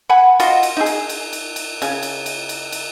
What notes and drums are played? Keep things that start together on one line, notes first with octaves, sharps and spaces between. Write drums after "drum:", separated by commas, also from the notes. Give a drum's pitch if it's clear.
F#5 G#5 B5
F4 F#4 D#5 C6, drum: cymbal
drum: cymbal
D#4 G#4
drum: cymbal
drum: cymbal
drum: cymbal
drum: cymbal
C#3 G#5, drum: cymbal
drum: cymbal
drum: cymbal
drum: cymbal
drum: cymbal